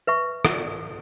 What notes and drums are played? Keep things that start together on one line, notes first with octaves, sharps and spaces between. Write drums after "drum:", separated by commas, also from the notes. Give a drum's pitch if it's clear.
B4 E5 C#6
drum: rim click